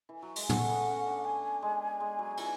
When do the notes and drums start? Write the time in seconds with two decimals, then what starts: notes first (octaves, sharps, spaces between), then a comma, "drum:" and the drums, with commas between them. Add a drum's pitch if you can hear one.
0.09 E3
0.22 F#3
0.36 G#3, drum: open hi-hat
0.49 A3 F#5, drum: tom
0.60 C#4
0.69 B3
0.88 C#4
1.06 D4
1.25 G#5
1.62 G#3
2.00 G#3
2.19 F#3
2.37 E3, drum: cymbal